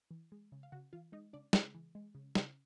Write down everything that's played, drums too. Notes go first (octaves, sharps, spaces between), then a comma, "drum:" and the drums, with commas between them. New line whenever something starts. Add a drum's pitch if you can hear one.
E3
G#3
C#3
F5
C#3 F#4 F#5
E3 F4 F5
G#3 D#4 D#5
C#3 D4 D5
C#3 G#3 G#4, drum: snare
E3
G#3
C#3
C#3, drum: snare